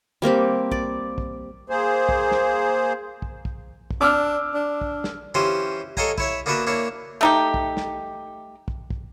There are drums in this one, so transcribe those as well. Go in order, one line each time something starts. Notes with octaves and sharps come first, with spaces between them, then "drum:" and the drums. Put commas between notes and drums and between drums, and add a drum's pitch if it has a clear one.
G3 A#3 C4 G4
D5, drum: kick
drum: kick
A#3 G#4 C5
drum: kick
drum: snare
drum: kick
drum: kick
drum: kick
D4 D6 E6 F6
D4
drum: kick
drum: snare
E3 C#4 F4 G4 C5
A4 C#5 D#5 F5 G#5 A#5, drum: kick
E4 C#5 E5, drum: kick
A#3 B3 D4 F#4 B4 E5
A#3 D4 E4 C#5
A3 D#4 G4
drum: kick
drum: snare
drum: kick
drum: kick